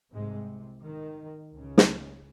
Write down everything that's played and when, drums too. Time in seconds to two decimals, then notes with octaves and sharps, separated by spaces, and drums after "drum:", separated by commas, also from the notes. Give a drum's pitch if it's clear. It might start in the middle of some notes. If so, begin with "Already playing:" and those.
0.13 C2 G#2 C3 G#3
0.83 D#3
1.53 C#2 C#3
1.78 drum: snare